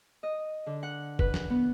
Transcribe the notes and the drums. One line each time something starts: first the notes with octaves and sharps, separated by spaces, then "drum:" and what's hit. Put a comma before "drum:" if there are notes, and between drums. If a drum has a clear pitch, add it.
D#5
D3
F#5
B4, drum: kick F#1
drum: snare
B3